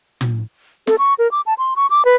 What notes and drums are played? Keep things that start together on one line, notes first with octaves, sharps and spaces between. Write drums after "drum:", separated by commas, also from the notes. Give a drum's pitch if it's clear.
drum: tom
A4, drum: snare
C#6
A#4
D6
A5
C6
C#6
D6
B4